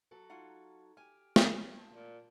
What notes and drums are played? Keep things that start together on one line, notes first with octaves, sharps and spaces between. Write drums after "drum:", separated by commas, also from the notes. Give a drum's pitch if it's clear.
F#3 F#4 A4
D#4 F4 F#5 C#6 G#6
G4 G#5 F6
drum: snare
A#3 F4 A5
A#2